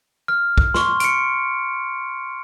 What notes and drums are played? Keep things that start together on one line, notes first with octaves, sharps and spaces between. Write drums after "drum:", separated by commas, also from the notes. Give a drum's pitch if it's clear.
F6
drum: kick
C6 C#6, drum: snare
C#7 D7, drum: hi-hat